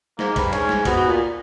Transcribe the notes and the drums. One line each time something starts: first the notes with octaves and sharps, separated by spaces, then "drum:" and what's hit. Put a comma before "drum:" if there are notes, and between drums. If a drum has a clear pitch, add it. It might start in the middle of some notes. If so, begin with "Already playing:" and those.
G#2 A#3, drum: snare
G2, drum: kick B1, cymbal
G#2 C#4, drum: cymbal
drum: snare
B2 B3, drum: kick B1, cymbal
B2
A#2